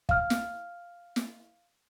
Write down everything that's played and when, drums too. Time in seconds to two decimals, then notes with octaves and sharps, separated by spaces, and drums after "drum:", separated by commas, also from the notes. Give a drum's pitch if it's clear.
0.09 F5 F6, drum: kick
0.30 drum: snare
1.16 drum: snare